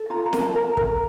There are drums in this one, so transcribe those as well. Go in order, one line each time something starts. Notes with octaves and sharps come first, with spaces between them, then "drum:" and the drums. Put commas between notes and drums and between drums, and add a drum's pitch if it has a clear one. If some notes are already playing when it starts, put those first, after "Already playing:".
Already playing: A4
F4 A#5
A#5
A#4, drum: snare
A5
A#4 A#5
A#4 A#5, drum: kick